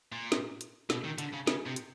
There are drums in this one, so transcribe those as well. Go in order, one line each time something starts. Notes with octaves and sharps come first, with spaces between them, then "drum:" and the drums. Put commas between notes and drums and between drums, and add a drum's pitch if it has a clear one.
A#2
drum: snare
drum: hi-hat
B2, drum: snare
D#3
D3, drum: hi-hat
C#3
C#3, drum: snare
C3
drum: hi-hat